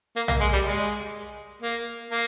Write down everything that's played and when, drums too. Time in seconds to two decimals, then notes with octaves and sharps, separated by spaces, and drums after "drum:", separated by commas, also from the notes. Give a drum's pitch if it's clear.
0.16 A#3
0.28 A#3, drum: tom
0.41 G#3
0.53 G3
0.65 G#3
1.62 A#3
2.11 A#3